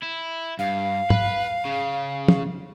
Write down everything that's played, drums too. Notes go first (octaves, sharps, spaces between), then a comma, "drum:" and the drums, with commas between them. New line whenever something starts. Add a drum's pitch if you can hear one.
E4
G2 F5
B4, drum: tom
C#3
drum: tom